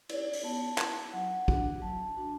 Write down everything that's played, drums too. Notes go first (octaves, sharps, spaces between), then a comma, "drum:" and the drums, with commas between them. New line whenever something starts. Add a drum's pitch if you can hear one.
E4 D5, drum: cymbal
drum: open hi-hat
B3 A5
E4, drum: clap
F#3 F#5
D4 F#4, drum: kick
F#3 A5
D4 F#4